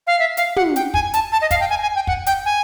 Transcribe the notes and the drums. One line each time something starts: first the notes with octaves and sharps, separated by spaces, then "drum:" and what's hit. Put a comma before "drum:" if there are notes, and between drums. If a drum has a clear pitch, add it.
F5
E5
F5, drum: hi-hat
F#5, drum: tom
G5, drum: hi-hat
G#5, drum: kick
A5, drum: hi-hat
A5
D#5
F5, drum: kick, hi-hat
G5
G#5
G#5
G5
F#5, drum: kick
G5, drum: hi-hat
G#5